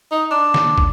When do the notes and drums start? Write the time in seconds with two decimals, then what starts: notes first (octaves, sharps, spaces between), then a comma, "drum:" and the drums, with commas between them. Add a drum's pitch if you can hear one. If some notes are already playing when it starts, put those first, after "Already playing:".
0.11 D#4
0.31 D4
0.54 drum: snare
0.78 drum: kick